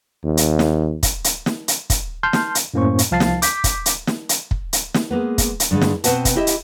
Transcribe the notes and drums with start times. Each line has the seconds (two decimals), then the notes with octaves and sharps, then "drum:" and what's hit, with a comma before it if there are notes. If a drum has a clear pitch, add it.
0.24 D#2
0.37 drum: hi-hat
0.59 drum: snare
1.03 drum: kick, hi-hat
1.24 drum: hi-hat
1.46 drum: snare
1.68 drum: hi-hat
1.90 drum: kick, hi-hat
2.23 A5 C6 F6 G6 C7
2.33 drum: snare
2.55 drum: hi-hat
2.74 F#2 A2 A#3 C#4 C5 C#6
2.99 drum: hi-hat
3.11 C2 F3 F5 A5 A6 C7
3.20 drum: snare
3.42 D6 G6 B6, drum: hi-hat
3.64 drum: kick, hi-hat
3.86 drum: hi-hat
4.07 drum: snare
4.29 drum: hi-hat
4.51 drum: kick
4.73 drum: hi-hat
4.94 drum: snare
5.11 G#3 A#3 B3
5.38 drum: kick, hi-hat
5.60 drum: hi-hat
5.71 G2 D3 G#3
5.82 drum: snare
6.04 B2 C4 B4 F#5 A5, drum: hi-hat
6.25 drum: kick, hi-hat
6.35 E4 G4 D#5 E5
6.47 drum: hi-hat